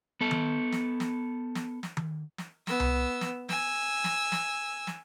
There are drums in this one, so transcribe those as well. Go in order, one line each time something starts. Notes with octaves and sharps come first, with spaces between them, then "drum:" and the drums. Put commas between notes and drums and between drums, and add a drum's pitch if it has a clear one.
B3 A4
drum: tom D#3
drum: snare
drum: snare
drum: snare
drum: snare
drum: tom D#3
drum: snare
B3 E6, drum: snare
drum: tom C2
drum: snare
G#5 E6, drum: snare
drum: snare
drum: snare
drum: snare